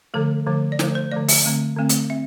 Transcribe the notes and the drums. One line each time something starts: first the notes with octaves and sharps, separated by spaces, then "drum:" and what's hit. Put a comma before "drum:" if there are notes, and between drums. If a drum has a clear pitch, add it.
D3 F3 A3 A4
D3 F3 A3
D5
D3 F3 A3 C5, drum: snare
C5
D3 F3 A3 D5
E5, drum: open hi-hat
D3 A3 C4
D3 A3 C4
drum: hi-hat
C4 E5